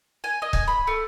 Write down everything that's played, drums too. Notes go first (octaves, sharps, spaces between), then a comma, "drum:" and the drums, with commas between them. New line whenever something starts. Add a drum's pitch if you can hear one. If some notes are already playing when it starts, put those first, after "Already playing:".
G#5
D#5
G#5, drum: kick
B5
A3